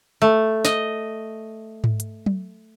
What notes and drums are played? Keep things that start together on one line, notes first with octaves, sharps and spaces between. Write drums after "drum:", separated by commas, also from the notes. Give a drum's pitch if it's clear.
A3
D#5, drum: snare
drum: tom G#2
drum: hi-hat
drum: tom F#3